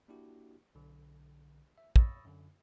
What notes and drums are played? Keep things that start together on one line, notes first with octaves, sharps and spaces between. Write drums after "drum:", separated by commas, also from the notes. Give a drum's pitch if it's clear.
A#3 D4 E4 F#4 G4
B1 D3
E5
B5 C#6 D#6 E6 A6 A#6, drum: kick
F#2 D3